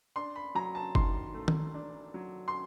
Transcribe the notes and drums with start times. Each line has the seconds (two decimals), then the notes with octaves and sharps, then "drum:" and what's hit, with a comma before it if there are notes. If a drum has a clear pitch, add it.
0.16 D4 C6
0.36 B5
0.55 F#3 A#5
0.75 A5
0.95 D#3 C6, drum: kick F#1
1.34 A3
1.48 drum: tom D#3
1.74 D4
2.14 F#3
2.48 C6